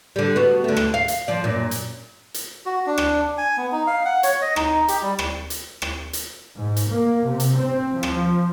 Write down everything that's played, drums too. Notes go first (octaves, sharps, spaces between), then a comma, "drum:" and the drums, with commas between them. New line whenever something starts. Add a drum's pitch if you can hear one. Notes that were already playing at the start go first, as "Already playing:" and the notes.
D3 G3
B3 F#4
D3 A3
drum: rim click
F5
drum: hi-hat
F3 D5
F#2 A#2
drum: hi-hat
drum: hi-hat
F#4
D4
drum: rim click
G#5
B3
D#4
F5
F#5
C#5, drum: hi-hat
D#5
D#4, drum: rim click
G4, drum: hi-hat
G3
drum: rim click
drum: hi-hat
drum: rim click
drum: hi-hat
G#2
drum: hi-hat
A#3
C3
drum: hi-hat
C4
F3
drum: rim click